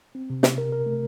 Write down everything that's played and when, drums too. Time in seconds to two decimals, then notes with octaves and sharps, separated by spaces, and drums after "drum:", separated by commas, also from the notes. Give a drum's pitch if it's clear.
0.15 C4
0.30 C3
0.43 C3, drum: snare
0.58 A#4
0.72 A#4
0.86 A3